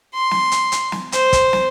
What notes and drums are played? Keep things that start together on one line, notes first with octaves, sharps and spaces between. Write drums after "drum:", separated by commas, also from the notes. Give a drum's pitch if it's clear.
C6
drum: snare
drum: hi-hat
drum: hi-hat
drum: snare
C5, drum: hi-hat
drum: kick, hi-hat
drum: snare